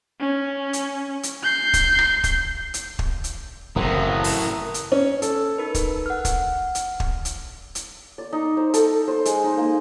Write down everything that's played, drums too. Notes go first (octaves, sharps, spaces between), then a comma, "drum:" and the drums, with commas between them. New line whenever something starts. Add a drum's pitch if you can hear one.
C#4
drum: hi-hat
drum: hi-hat
G6 C7
drum: kick, hi-hat
drum: rim click
drum: kick, hi-hat
drum: hi-hat
drum: kick
drum: hi-hat
F#1 A2 C3 E3 A#4 A#5 D#6
drum: open hi-hat
drum: hi-hat
C#4
A4, drum: hi-hat
D#4 A#4 B4
drum: kick, hi-hat
F#5 F6
drum: kick, hi-hat
drum: hi-hat
drum: kick
drum: hi-hat
drum: hi-hat
D5
D#4
C5
A4, drum: hi-hat
C5
G#3, drum: hi-hat
D#4
A#3